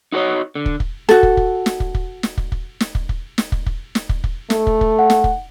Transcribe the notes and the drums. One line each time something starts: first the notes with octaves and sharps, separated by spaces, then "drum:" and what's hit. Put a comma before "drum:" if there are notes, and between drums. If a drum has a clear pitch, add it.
D#4 F#4 G#4 C#5 D#5
D3
drum: kick
drum: kick
F#4 A4, drum: snare
drum: kick
drum: kick
drum: snare
drum: kick
drum: kick
drum: snare
drum: kick
drum: kick
drum: snare
drum: kick
drum: kick
drum: snare
drum: kick
drum: kick
drum: snare
drum: kick
drum: kick
A3, drum: snare
drum: kick
drum: kick
F#5
drum: snare
drum: kick